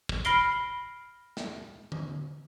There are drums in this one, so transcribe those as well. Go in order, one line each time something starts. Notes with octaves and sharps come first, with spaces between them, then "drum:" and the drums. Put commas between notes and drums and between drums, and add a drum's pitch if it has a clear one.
drum: kick
B5 F6 A#6 C7 D7 G7, drum: hi-hat
drum: snare
drum: tom D3